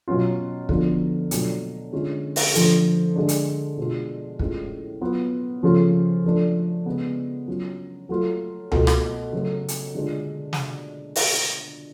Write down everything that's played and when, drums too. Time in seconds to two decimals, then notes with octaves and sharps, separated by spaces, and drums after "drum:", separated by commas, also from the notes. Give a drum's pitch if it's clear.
0.08 B2 F#3 C#4 F4
0.69 D3 F3 B3 F4, drum: kick
1.31 B2 F#3 A3 D4 F4, drum: hi-hat
1.93 D3 G#3 C#4 F4
2.36 drum: open hi-hat
2.55 D3 F3 A3, drum: hi-hat
3.16 D3 G#3 D4
3.29 drum: hi-hat
3.78 B2 G#3 D4 F4
4.39 A2 G#3 C#4 F4, drum: kick
5.01 F#3 B3 F4
5.63 C#3 F3 A3 C#4 F4
6.25 F3 A3 D4
6.86 C#3 G#3 B3
7.48 F#3 C#4 F4
8.09 F#3 A3 F4
8.71 B2 A3 F4, drum: tom C#2
8.87 drum: rim click
9.33 C#3 F#3 A3
9.68 drum: hi-hat
9.95 D3 G#3 D4 F4
10.53 drum: snare
11.16 drum: open hi-hat